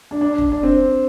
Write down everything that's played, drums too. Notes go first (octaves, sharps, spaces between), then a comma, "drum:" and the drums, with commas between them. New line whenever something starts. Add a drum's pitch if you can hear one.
D4
D4
drum: kick
D4
C4